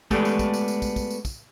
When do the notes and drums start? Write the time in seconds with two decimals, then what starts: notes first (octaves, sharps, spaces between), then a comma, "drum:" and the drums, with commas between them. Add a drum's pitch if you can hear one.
0.11 G#3 A3 B3 D4 G4 A4, drum: kick, tambourine
0.25 drum: tambourine
0.39 drum: kick, tambourine
0.54 drum: tambourine
0.68 drum: tambourine
0.82 drum: kick, tambourine
0.96 drum: kick, tambourine
1.11 drum: tambourine
1.25 drum: kick, tambourine